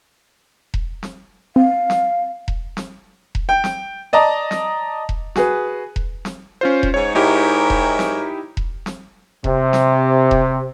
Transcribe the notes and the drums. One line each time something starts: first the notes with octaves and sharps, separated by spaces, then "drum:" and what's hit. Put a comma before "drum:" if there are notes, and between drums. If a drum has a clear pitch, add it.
drum: kick E1
drum: snare
C4 F5
drum: snare
drum: kick E1
drum: snare
drum: kick E1
G5
drum: snare
D5 D#5 A5 A#5
drum: snare
drum: kick E1
F#4 G#4 B4, drum: snare
drum: kick E1
drum: snare
C#4 F4 C5
drum: kick E1
G#2 C#5
G#2 D#4 E4 G4 A#4 C#5
drum: kick E1
drum: snare
drum: kick E1
drum: snare
C3, drum: kick E1
drum: snare
drum: kick E1